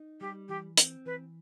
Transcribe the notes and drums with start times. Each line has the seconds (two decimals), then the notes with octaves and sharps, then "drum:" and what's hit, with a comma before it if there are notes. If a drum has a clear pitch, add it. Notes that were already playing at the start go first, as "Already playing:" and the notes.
Already playing: D#4
0.20 G3 G4
0.49 E3 G4
0.77 C4, drum: hi-hat
1.06 E3 B4